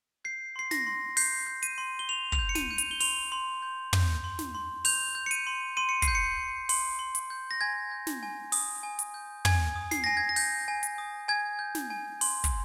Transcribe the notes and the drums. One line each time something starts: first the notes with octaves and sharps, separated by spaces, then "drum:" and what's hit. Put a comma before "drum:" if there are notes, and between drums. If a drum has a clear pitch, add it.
G6 C7
C6 C7
A#6, drum: snare
C6
G6 C7, drum: open hi-hat
G6
D#7, drum: hi-hat
C6
G7
C6 F7
F7, drum: kick
G6
C#7
D#7, drum: snare
G6
F7, drum: hi-hat
G7
C6 F7, drum: open hi-hat
C6
G6
G6, drum: tom
C6
drum: snare
C6
G6 F7, drum: open hi-hat
G6
C#7
D#7, drum: hi-hat
C6
C6 D#7
C#7
C7, drum: kick, hi-hat
G6
C#7
G6
C6, drum: open hi-hat
C6
drum: hi-hat
G6
A#6
G#5 G#6
G6
drum: snare
G#5
D#6, drum: open hi-hat
G#5
drum: hi-hat
G6
G#5 G#6, drum: tom
D#6
C7, drum: snare
G#5 A#6
G#6
A#6
G6, drum: open hi-hat
G#5
drum: hi-hat
D#6
G#5 G#6
G6
drum: snare
G#5
C6, drum: open hi-hat
drum: kick, hi-hat